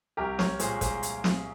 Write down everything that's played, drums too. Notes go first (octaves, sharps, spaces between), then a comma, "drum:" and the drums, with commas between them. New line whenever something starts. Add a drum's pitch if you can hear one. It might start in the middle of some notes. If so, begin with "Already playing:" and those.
C2 G4 A#4
A#4 C#5, drum: snare
A#2 G#3 G#4 C5, drum: hi-hat
G#4 C5, drum: kick, hi-hat
drum: hi-hat
drum: snare